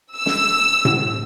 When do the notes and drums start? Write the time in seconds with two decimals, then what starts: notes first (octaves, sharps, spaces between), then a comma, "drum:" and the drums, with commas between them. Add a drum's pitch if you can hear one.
0.16 E6
0.26 drum: snare
0.85 drum: tom A2